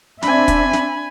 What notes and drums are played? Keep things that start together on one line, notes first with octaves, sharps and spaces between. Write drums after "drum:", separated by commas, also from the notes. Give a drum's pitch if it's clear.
C4 D4 E5 G#5 B5, drum: snare
drum: kick, hi-hat
drum: snare